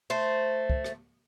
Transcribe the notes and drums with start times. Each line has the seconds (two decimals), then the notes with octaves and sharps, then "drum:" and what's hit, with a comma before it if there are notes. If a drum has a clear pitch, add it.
0.10 A3 C5
0.70 drum: kick
0.84 drum: rim click